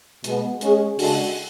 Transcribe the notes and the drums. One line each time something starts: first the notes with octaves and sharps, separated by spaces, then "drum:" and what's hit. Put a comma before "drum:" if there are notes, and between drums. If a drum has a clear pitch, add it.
B2 G#3 B3, drum: hi-hat
G#3 C#4 G#4, drum: hi-hat
C#3 G#3 D4 F#4 A4, drum: open hi-hat